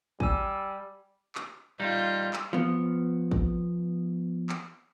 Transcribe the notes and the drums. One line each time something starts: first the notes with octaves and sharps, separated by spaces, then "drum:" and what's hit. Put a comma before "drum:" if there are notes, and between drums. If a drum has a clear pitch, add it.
G3 G#5 E6, drum: kick
drum: clap
G3 D#4 F4
drum: clap
F3 B3
drum: kick
drum: clap